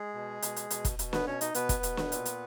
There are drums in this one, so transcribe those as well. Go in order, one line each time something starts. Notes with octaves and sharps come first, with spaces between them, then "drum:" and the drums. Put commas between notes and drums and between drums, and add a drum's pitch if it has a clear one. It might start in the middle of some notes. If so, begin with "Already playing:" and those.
Already playing: G#3 G#4
B2
B2, drum: hi-hat
drum: hi-hat
B2, drum: hi-hat
drum: kick F1, hi-hat
B2, drum: hi-hat
B3 B4, drum: snare
B2 C#4 C#5
D#4 D#5, drum: hi-hat
B2 B3 B4, drum: hi-hat
drum: kick F1, hi-hat
B2, drum: hi-hat
drum: snare
A#2, drum: hi-hat
drum: hi-hat